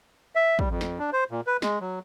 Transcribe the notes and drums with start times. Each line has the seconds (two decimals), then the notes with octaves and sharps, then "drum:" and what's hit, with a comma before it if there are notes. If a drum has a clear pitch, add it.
0.35 E5
0.59 G3, drum: kick
0.70 F2
0.81 drum: snare
0.99 D4
1.13 C5
1.31 A#2
1.47 B4
1.62 G#3, drum: snare
1.81 F#3